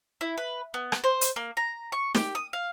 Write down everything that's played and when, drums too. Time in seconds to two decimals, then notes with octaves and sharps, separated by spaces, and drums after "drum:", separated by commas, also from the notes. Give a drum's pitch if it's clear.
0.21 E4
0.38 B4
0.74 B3
0.92 drum: rim click
1.04 C5
1.21 drum: hi-hat
1.36 A#3
1.57 A#5
1.92 C#6
2.15 G4, drum: snare
2.35 D#6
2.53 F5